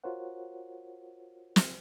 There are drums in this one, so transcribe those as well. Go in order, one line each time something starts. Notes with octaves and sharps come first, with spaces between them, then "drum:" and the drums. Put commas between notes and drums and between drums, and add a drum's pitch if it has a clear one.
F4 F#4 A#4 C5 C#5 F#5
drum: snare